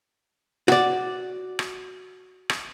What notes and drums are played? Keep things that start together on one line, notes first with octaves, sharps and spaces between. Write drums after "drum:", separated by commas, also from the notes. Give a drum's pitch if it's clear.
F#4 D5, drum: rim click
drum: rim click
drum: rim click